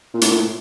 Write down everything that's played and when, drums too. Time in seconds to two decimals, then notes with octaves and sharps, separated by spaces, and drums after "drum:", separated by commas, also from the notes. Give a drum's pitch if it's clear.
0.14 A#2
0.21 A2, drum: hi-hat
0.30 A#2
0.35 A2